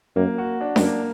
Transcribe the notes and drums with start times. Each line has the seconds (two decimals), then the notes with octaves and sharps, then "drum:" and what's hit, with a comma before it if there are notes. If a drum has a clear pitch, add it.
0.16 F#2 A#3
0.38 F#4
0.61 D4
0.76 F#2, drum: snare D4
0.83 A#3